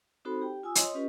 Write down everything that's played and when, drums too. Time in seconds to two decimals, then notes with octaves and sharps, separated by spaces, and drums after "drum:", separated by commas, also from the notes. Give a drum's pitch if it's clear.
0.25 C4 D#4 F#4 A4 C5 B5
0.41 G4 G5
0.63 F4 G#5 D#6 E6
0.75 C#5 D#5 C6 D#6, drum: hi-hat
0.94 C#4 F4 G4 B4 D#5